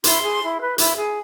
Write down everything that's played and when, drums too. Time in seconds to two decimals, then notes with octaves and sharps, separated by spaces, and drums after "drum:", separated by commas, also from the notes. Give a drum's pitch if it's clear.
0.04 E4 C6, drum: hi-hat
0.23 G#4
0.41 E4
0.59 B4
0.78 E4, drum: hi-hat
0.96 G#4